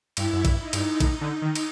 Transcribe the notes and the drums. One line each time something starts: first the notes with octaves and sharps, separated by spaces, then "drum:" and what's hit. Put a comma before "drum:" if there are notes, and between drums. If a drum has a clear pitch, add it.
G2 E4, drum: cymbal
F#2
G2, drum: kick A#1, cymbal
D#4
G2, drum: cymbal
A2 D#4, drum: kick A#1, cymbal
D3
D#3
drum: cymbal